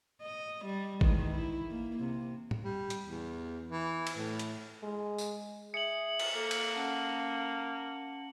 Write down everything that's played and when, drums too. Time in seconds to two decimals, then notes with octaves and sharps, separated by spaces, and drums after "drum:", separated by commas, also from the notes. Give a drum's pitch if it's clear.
0.22 D#5
0.66 G3
1.01 D#3 E3 G#3, drum: kick G#1
1.32 E4
1.71 A#3
2.00 C3
2.51 drum: tom A2
2.64 G3
2.90 drum: hi-hat
3.06 E2
3.71 E3
4.07 drum: cymbal
4.17 A2
4.39 drum: hi-hat
4.83 G#3
5.18 drum: tambourine
5.74 G#4 E5 C#7 F#7
6.19 drum: cymbal
6.35 A#3 A4
6.51 drum: cymbal
6.75 C#4 F#5 A5